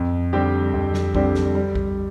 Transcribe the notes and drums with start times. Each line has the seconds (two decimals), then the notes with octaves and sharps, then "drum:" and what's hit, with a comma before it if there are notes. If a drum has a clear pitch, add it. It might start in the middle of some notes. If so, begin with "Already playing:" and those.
Already playing: F2
0.33 D3 G3 C4 G4
0.74 F2
0.94 drum: snare
1.15 D3 G3 C4 G4, drum: kick
1.35 drum: snare
1.55 G3
1.75 drum: kick